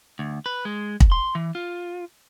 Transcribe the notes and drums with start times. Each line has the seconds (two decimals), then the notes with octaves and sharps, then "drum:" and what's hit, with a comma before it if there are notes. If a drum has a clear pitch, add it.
0.19 D2
0.46 B4
0.65 G#3
1.00 drum: kick
1.12 C6
1.35 E3
1.55 F4